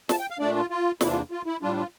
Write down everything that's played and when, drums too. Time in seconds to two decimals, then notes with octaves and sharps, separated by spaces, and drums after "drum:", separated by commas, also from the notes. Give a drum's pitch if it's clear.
0.09 A5, drum: snare
0.19 G5
0.30 F5
0.39 A#2 A3 D4 D5
0.56 F4
0.70 F4
1.01 E2 C3 E3 A#3 D4 E4, drum: snare
1.10 F4
1.31 F4
1.46 E4
1.62 A2 G3 D4 F4
1.76 F4